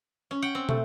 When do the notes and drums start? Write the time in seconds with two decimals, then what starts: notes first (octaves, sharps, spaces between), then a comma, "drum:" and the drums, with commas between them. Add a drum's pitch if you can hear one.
0.31 C#4
0.42 F#5 G5
0.55 C4
0.69 A3, drum: tom